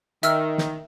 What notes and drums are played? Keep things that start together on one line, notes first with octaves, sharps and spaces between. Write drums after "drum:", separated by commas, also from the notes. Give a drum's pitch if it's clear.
D#3 E5 E6 F6, drum: hi-hat
drum: snare